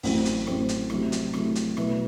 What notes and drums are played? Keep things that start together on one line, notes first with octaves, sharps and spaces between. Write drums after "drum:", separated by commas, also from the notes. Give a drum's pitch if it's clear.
A1 A2 F#3 C4, drum: open hi-hat
drum: hi-hat
A1 A2 F#3 C4, drum: rim click
drum: hi-hat
C3 F#3 A3 E4, drum: rim click
drum: hi-hat
C3 F#3 A3 E4, drum: rim click
drum: hi-hat
B2 F#3 A3 E4 B4, drum: rim click